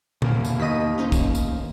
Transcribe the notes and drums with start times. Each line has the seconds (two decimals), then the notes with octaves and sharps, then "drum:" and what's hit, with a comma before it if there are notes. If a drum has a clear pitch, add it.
0.22 E2 A#3, drum: tom A#2
0.45 drum: tambourine
0.60 D#2 D#5 B6 D#7
0.98 C#4 D#4 C5
1.12 drum: kick, tambourine
1.35 drum: tambourine